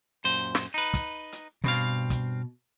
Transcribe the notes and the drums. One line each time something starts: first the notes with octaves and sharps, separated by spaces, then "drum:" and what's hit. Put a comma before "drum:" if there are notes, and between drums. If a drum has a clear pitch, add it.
F#2 A#2 C5
drum: snare
D#4 B4
drum: kick, hi-hat
drum: hi-hat
G2 B2 C4 F5
drum: kick, hi-hat